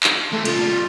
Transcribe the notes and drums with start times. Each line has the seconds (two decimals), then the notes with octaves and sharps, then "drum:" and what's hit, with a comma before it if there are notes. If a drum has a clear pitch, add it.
0.03 drum: clap
0.32 E3 G#3 A3
0.45 A#2 C#3 F4, drum: cymbal
0.61 G3 A3